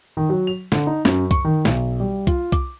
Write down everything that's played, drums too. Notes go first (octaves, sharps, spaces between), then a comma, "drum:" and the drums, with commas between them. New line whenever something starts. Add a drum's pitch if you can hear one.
D#3
F#3
F7
D3, drum: snare
D#4
F#2, drum: snare
C#6, drum: kick C2, hi-hat
D#3
B1, drum: snare
G3
F4, drum: kick C2, hi-hat
D6, drum: kick C2, hi-hat